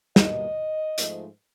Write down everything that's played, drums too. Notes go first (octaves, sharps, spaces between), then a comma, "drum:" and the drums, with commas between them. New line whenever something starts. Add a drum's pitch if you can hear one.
B2 G3 A#3 D#5, drum: snare
G#2 F3 A3, drum: hi-hat